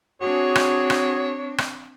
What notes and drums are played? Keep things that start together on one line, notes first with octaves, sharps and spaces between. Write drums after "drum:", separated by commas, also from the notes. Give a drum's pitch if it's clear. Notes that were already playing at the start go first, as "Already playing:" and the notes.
C4 D4 F#4 G#4 C#5
drum: rim click
drum: rim click
drum: rim click